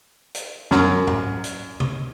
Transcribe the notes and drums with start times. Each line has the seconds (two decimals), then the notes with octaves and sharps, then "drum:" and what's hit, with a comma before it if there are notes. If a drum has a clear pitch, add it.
0.35 drum: hi-hat
0.71 F#2, drum: snare
1.07 drum: tom
1.44 drum: hi-hat
1.80 drum: tom